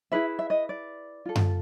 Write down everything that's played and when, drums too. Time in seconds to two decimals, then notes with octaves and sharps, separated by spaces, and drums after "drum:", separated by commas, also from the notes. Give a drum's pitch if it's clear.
0.12 E4 G#4 B4 E5
0.39 E5
0.50 D#5
0.69 D5
1.26 F4 A4
1.35 drum: tom F#2